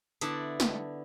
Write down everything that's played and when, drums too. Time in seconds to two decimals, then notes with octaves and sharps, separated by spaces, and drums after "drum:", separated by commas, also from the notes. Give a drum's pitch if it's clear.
0.21 D3 B3 E4 D5 A5, drum: hi-hat
0.60 drum: snare